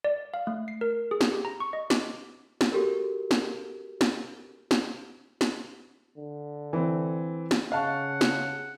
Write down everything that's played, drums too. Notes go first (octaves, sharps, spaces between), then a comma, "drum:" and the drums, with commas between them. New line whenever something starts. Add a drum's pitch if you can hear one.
D5
F5
A3
C7
A#4
G#4
drum: snare
G4
A#5
C#6
D#5
D6, drum: snare
drum: snare
F#4 G4 A4 A#4
drum: snare
drum: snare
drum: snare
drum: snare
D3
E3 C4
drum: snare
C#3 F5 F#5 A5 C#6
drum: snare